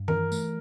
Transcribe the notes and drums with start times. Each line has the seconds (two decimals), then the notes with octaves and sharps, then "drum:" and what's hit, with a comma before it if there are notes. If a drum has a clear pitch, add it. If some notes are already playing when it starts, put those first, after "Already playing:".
Already playing: G2
0.08 E3 A#4, drum: tom D#3
0.32 A3, drum: tambourine